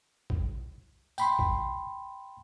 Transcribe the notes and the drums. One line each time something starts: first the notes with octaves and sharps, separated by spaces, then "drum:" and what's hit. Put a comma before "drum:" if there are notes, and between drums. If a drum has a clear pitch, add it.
drum: kick A1
G5 B5 C6, drum: tambourine
drum: kick A1